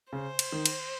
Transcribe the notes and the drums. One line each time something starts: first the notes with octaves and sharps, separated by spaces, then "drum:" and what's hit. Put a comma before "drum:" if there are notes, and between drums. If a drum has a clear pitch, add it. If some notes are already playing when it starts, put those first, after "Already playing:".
C#3 C5
drum: cymbal
D#3
drum: cymbal